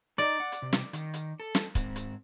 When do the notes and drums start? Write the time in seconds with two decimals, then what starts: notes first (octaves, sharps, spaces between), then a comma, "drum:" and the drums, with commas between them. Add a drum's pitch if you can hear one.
0.18 D#4 D5 D#5
0.40 F#5
0.52 drum: hi-hat
0.62 C3
0.73 drum: snare
0.93 D#3, drum: hi-hat
1.14 drum: hi-hat
1.40 A4
1.55 drum: snare
1.75 G#2 C4, drum: kick, hi-hat
1.96 drum: hi-hat